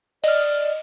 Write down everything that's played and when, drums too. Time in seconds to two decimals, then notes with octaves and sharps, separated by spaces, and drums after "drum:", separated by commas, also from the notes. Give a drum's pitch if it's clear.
0.24 D5 D#5 F6, drum: cymbal